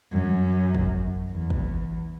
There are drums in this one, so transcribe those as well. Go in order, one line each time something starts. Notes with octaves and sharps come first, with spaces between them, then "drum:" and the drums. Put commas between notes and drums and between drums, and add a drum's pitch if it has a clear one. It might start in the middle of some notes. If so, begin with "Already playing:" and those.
F#2
drum: kick
E2
drum: kick